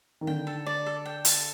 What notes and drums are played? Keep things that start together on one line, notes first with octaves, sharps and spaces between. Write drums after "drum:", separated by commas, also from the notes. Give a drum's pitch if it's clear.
D#3
D3 G5
A4
D5
A4
G5
A4, drum: hi-hat